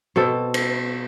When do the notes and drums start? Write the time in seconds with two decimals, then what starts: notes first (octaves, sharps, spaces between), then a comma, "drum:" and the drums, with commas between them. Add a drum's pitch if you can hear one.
0.16 B2 C4 A4
0.54 drum: cymbal